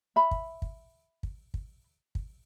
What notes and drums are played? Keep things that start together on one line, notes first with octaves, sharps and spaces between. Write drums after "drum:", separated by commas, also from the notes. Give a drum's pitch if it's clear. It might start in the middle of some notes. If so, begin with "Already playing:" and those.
E5 B5
drum: kick
drum: kick
drum: kick
drum: kick
drum: kick